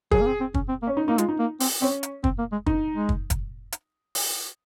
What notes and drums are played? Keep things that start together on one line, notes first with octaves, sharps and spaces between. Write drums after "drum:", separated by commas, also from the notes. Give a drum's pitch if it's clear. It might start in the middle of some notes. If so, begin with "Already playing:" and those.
F#3 G#4, drum: kick
A#3
C4
C4
C#4, drum: kick
C4
A#3
C#4
D#4
A#3 D#4
G#3 F4, drum: hi-hat
D#4
A#3
C4, drum: open hi-hat
C4 C#4
drum: hi-hat
C4, drum: kick
A#3
G#3
D#4, drum: kick
G#3
drum: kick
drum: kick, hi-hat
drum: hi-hat
drum: open hi-hat